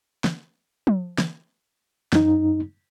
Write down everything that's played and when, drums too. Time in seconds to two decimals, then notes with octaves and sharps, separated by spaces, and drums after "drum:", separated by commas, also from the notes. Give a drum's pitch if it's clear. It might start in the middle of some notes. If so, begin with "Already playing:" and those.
0.24 drum: snare
0.87 drum: tom
1.18 drum: snare
2.13 F#2 D#4, drum: snare